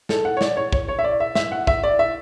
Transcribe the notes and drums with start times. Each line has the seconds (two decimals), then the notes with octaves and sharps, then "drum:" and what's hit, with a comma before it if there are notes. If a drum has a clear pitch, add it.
0.09 A4, drum: snare
0.25 F#5
0.37 C#5
0.41 D5, drum: snare
0.57 C#5
0.72 C#5, drum: kick
0.88 C#5
0.99 E5
1.04 D5
1.20 E5
1.35 E5, drum: snare
1.52 F#5
1.67 E5, drum: kick
1.83 D5
1.99 E5